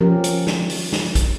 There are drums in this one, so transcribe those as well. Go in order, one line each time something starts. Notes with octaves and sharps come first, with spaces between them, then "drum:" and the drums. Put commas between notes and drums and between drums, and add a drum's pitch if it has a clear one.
F3 C#4 G4 A#4
drum: hi-hat
drum: snare
drum: open hi-hat
drum: snare
drum: kick, hi-hat